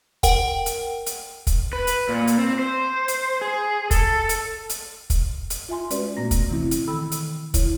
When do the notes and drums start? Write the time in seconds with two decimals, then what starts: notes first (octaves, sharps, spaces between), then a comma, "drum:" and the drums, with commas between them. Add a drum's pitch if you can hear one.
0.23 A#4 F#5 G5, drum: kick, hi-hat
0.66 drum: hi-hat
1.06 drum: hi-hat
1.47 drum: kick, hi-hat
1.73 B4
1.87 drum: hi-hat
2.09 A#2
2.27 drum: hi-hat
2.38 C4
2.59 C5
3.08 drum: hi-hat
3.41 G#4
3.91 A4, drum: kick, hi-hat
4.29 drum: hi-hat
4.69 drum: hi-hat
5.10 drum: kick, hi-hat
5.50 drum: hi-hat
5.69 F4 E5 G#5 C6
5.90 G#3 C#4 F#4 B4 D5, drum: hi-hat
6.17 A#2 A3 B3 F#4 A#5 A#6
6.31 drum: kick, hi-hat
6.49 C3 E3 C4 E4
6.71 drum: hi-hat
6.87 D#3 A4 G5 B5 E6
7.12 drum: hi-hat
7.54 E4 C#5, drum: kick, hi-hat